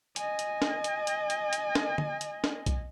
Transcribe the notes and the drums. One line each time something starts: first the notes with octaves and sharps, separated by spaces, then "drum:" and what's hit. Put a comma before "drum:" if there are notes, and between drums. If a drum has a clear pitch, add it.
D#5 G#5, drum: hi-hat
drum: hi-hat
drum: snare
drum: hi-hat
drum: hi-hat
drum: hi-hat
drum: hi-hat
drum: snare
drum: tom D3
drum: hi-hat
drum: snare
drum: kick, hi-hat